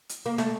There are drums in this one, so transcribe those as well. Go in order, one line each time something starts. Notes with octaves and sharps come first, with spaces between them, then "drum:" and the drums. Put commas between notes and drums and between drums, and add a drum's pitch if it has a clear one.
drum: hi-hat
A#3
A3, drum: snare